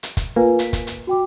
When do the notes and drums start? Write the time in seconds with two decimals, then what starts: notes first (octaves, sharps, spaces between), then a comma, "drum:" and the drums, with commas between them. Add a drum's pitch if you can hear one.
0.03 drum: hi-hat
0.17 drum: kick, hi-hat
0.36 A#3 F4 B4 G#5
0.59 B6, drum: hi-hat
0.73 drum: kick, hi-hat
0.87 drum: hi-hat
1.07 F#4 G5 D6